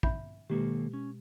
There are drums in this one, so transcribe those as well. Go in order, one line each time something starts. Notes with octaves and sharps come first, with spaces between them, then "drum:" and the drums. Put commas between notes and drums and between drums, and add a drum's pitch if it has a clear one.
E5 B5 G6, drum: kick
B2 D#3 G#3 A#3 G4 A4
C#4